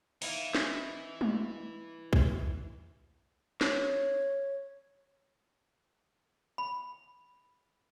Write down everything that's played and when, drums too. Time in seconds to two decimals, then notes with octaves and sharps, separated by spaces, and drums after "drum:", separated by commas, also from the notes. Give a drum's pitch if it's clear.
0.22 E3 D#4 E4 F5, drum: open hi-hat
0.55 drum: snare
1.21 drum: tom G3
2.13 drum: kick
3.61 C#5, drum: snare
6.58 B5